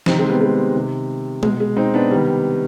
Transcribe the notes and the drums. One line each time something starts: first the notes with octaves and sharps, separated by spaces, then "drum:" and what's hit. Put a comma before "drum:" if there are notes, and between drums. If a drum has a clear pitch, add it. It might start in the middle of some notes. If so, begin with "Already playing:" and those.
C3 D#3 C4 D#4, drum: snare
G#3 C4
G3 B3
G#3
C3 D#3
B2 G#3, drum: tom G#3
G#3
C4 D#4
B3 D4
C3 D#3 G3 B3